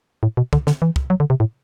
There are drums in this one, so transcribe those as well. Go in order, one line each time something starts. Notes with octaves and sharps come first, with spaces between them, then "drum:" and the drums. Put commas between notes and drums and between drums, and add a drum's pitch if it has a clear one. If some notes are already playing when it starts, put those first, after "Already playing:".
A2
B2
D3, drum: kick
D3, drum: snare
E3
drum: kick
F#3
D3
C3
A2